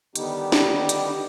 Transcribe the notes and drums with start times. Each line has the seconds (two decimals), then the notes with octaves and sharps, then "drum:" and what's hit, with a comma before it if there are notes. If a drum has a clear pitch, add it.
0.16 D3 D#3 G3 B3 D#4 G4, drum: hi-hat
0.52 drum: snare
0.89 drum: hi-hat